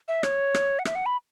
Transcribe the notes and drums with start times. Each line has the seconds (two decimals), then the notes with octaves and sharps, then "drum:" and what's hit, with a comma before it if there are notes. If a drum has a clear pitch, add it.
0.08 E5
0.23 C#5, drum: rim click
0.54 drum: rim click
0.79 F#5
0.85 E5, drum: rim click
0.95 F#5
1.06 B5